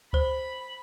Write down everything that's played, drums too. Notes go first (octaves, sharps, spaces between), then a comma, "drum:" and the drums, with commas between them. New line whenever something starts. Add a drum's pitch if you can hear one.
C5 B5, drum: kick C#2